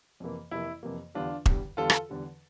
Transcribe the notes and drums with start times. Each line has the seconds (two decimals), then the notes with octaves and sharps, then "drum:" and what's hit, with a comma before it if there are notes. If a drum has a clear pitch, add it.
0.20 F2 C3 E3 A#3
0.51 F2 C3 E3 A#3 E4
0.83 F2 C3 E3 A#3
1.15 E2 D3 G3 D4 F4
1.46 E2 D3 G3, drum: kick E1
1.77 E2 D3 G3 F4 A4
1.90 drum: rim click
2.09 E2 D3 G3